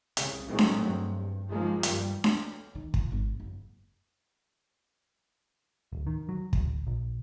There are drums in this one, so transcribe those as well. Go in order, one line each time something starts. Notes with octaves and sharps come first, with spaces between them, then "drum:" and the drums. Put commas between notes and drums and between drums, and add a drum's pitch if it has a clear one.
C2 C#3, drum: hi-hat
A2 D#3 F#3 G#3 A3 C4
drum: snare D4
G2
D#3 F3 G#3 A#3
G2 G3, drum: hi-hat
drum: snare D4
D#3
F3, drum: kick
G#1
F#1
D1
D#3
F#3
D1, drum: kick
A#1